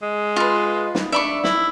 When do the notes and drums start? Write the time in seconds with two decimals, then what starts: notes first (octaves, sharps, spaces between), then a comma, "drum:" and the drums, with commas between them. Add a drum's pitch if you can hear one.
0.02 G#3
0.36 F4 B4
0.95 drum: snare
1.12 D4 E5 B5 C#6
1.44 E4, drum: snare